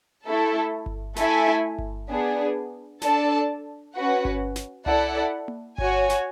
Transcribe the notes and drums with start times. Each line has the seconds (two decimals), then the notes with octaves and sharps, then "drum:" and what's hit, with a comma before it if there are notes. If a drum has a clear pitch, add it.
0.24 A3 E4 A4
0.86 drum: kick G1
1.16 A3 E4 A4 E5 G#5, drum: snare
1.79 drum: kick G1
2.09 B3 D4 G#4
3.02 D4 A4 D5 A5, drum: snare
3.94 C#4 F#4 B4 F#5
4.25 drum: kick G1
4.56 drum: snare
4.86 E4 A4 D5 F#5, drum: tom C2
5.48 drum: tom A#3
5.78 F#4 C#5 G#5, drum: kick G1
6.10 drum: snare